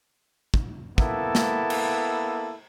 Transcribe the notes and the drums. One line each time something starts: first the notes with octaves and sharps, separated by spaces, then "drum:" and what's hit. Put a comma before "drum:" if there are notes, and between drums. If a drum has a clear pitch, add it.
drum: kick
A#3 B3 E4 A4, drum: kick
drum: snare
drum: cymbal